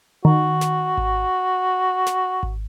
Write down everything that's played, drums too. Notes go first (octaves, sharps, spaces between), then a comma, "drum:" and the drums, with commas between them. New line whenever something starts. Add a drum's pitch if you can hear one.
D#3 F#4
drum: snare
drum: kick G#1
drum: snare
drum: kick G#1